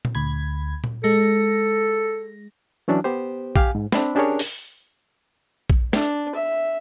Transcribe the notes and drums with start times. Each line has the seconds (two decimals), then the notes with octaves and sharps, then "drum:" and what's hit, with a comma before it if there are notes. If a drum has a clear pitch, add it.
0.05 drum: tom A#2
0.15 D2 B5 G#6
0.84 drum: tom A#2
1.04 G#3 A4 A#6
2.88 E3 F#3 C#4 D4
3.04 B3 G4 C5
3.56 G4 F5 G#5, drum: kick A#1
3.75 G#2
3.92 C4 D4 B5, drum: snare
4.15 C#4 D4 G4 G#4 A#4 C#5
4.39 drum: open hi-hat
5.70 drum: kick A#1
5.93 D4, drum: snare
6.35 E5